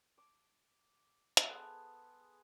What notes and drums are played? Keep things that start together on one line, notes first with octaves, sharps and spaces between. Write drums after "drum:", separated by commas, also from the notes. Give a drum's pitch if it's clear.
D6
drum: hi-hat
B3 G#4 A4 C5